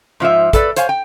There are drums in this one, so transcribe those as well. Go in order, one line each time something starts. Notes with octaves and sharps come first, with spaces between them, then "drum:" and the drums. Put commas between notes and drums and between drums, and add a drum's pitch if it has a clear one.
G#2 F3 F4 E5
A4 B4 D5, drum: kick, hi-hat
C5 C#5 F5 G#5, drum: hi-hat
G5